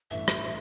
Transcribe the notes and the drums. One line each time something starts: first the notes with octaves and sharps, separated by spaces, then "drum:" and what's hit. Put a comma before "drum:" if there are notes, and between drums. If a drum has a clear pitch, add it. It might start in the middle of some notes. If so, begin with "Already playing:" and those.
A1 G2 E3 A3 E5
drum: rim click